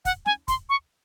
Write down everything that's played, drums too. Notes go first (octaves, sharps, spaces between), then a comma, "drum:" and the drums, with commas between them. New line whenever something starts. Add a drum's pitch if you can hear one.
F#5, drum: kick, hi-hat
G#5, drum: snare
C6, drum: kick, hi-hat
C#6